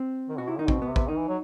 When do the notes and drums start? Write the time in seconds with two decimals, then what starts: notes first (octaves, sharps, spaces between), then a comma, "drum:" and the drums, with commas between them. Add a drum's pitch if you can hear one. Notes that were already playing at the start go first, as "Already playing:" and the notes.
Already playing: C4
0.29 D#3
0.38 B2 F#4
0.48 C3 E4
0.58 D#3 D#4
0.68 B2 C4, drum: kick
0.82 B3
0.89 C3
0.96 B3, drum: kick
1.08 D#3 D#4
1.19 E3
1.28 F#3